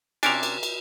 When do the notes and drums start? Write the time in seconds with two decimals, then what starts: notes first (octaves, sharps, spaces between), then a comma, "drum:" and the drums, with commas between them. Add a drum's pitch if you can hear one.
0.23 C3 C#4 D4 G#5 D7 F7, drum: cymbal
0.43 drum: cymbal
0.63 drum: cymbal